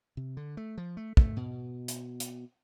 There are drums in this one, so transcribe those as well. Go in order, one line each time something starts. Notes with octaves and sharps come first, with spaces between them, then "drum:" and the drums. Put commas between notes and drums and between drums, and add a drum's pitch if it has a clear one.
C3
D3
A3
F3
A3
A3, drum: kick
B2
drum: hi-hat
drum: hi-hat